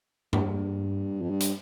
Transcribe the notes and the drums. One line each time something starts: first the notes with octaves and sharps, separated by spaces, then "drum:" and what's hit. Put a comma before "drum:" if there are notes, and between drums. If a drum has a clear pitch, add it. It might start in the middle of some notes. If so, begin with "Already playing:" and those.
G2, drum: tom G2
F2
G2
drum: hi-hat